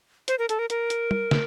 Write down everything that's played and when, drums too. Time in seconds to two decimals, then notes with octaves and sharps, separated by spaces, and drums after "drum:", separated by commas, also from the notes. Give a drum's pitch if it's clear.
0.28 C5, drum: hi-hat
0.39 A#4
0.49 A4, drum: hi-hat
0.59 A#4
0.70 A#4, drum: hi-hat
0.90 drum: hi-hat
1.11 drum: tom
1.31 drum: snare